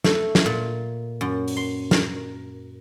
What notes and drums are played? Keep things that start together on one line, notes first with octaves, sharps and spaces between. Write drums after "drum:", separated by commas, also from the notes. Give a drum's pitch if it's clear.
A3, drum: snare
drum: snare
A#2
F#2
drum: open hi-hat
C6
A#4, drum: snare